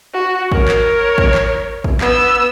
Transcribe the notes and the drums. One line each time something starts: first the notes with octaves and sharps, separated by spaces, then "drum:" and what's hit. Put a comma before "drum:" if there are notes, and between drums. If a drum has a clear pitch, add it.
F#4
A#4 C#5, drum: kick
drum: clap
drum: kick
drum: clap
drum: kick
B3 E6, drum: clap